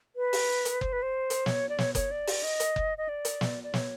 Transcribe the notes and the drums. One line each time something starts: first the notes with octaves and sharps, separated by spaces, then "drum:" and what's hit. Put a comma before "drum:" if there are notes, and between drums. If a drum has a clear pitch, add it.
B4
drum: open hi-hat
drum: hi-hat
C5, drum: kick F#1
B4
C5
drum: hi-hat
C#5, drum: snare
D5
C#5, drum: snare
C#5, drum: kick F#1, hi-hat
D5
drum: open hi-hat
D#5
drum: hi-hat
drum: kick F#1
D#5
D5
drum: hi-hat
drum: snare
D5
C#5, drum: snare